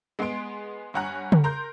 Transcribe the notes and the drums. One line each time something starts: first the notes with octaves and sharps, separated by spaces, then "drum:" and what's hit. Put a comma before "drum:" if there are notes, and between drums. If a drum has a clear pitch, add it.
G#3 B3 G#4 C6 D7
G2 C#5 F#5 G#5 A#5 F#6
drum: tom C#3
A#4 A#5 C6 G6